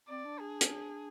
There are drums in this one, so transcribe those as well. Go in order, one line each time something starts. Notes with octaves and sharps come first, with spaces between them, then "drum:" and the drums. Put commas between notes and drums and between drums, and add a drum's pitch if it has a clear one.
C4 D5
D4
G#4
drum: hi-hat